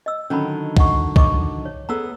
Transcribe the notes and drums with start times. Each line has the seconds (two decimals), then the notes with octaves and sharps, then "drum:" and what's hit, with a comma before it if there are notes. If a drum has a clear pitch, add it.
0.06 D#5 E6
0.30 D3 D#3 F#3 C#4 B5
0.77 D#5 F#5 C#6, drum: kick
1.16 D#5 C#6 D6, drum: kick
1.65 C#5
1.89 B3 G#4 A4 A#5 E6